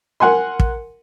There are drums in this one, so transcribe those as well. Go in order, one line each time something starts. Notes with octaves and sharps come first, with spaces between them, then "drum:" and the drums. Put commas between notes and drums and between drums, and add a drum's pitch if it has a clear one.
A#4 F#5 G#5 C6
drum: kick